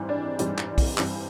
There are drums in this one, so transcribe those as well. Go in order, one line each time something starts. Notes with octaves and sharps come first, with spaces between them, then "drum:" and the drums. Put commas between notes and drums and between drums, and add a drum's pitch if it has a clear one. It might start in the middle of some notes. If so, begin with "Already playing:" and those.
Already playing: G#2 E3 G3 C4
D4
G#2 E3 G3 C4, drum: hi-hat
drum: clap
drum: kick, open hi-hat
G2 E3 G3 C4, drum: clap